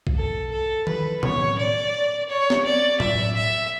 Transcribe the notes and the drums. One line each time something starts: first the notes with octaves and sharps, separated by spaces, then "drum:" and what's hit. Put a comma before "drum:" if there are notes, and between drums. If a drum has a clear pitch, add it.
drum: kick A#1
A4
A4
B4, drum: tom D#3
C#5, drum: tom A2
D5
C#5
drum: snare
D5
E5, drum: tom A2
E5